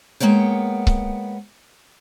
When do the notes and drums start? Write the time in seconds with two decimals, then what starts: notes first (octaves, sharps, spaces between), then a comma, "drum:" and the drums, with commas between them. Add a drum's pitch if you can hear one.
0.20 G#3 A#3 B3 C#5 G5
0.87 drum: kick C#1